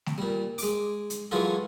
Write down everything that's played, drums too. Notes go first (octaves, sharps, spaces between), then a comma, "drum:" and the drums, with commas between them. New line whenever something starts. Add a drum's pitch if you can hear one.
drum: snare A3
A#2 G3
G#3 D6, drum: open hi-hat
drum: hi-hat
E3 F#3 G#3 F4 F#4 A4